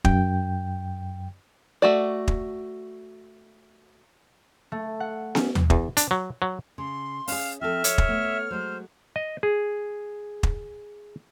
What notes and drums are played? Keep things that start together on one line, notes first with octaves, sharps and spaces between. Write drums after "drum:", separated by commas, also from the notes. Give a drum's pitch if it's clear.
F#2 G5, drum: kick
A3 F#4 D5
drum: kick
A3
F#5
C#4, drum: snare B3
drum: tom D#2
E2, drum: kick
D4, drum: hi-hat
F#3
F#3
C#3 C6
C#4 G#4 F5, drum: open hi-hat
F3 C4 A4 E5 F6
C#5, drum: hi-hat
drum: kick
A3 B3
F#3 G#3 C5
D#5
G#4
drum: kick